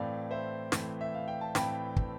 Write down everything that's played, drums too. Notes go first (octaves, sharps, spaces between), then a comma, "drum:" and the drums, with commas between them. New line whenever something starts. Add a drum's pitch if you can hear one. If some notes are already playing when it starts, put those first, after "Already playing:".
Already playing: A2 E3 A3 C4 D5 F5
C5 E5
A2 E3 A3 C4, drum: snare
E5
F5
G5
A5
A2 E3 A3 C4 G5 B5, drum: snare
drum: kick